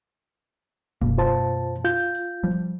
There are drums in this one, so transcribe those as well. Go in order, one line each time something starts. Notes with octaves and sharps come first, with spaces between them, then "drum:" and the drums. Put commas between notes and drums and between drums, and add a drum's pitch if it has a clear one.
F#2 B2 A#3, drum: kick D#1
F4 C5 A5
F4 G6
drum: hi-hat
F3 G3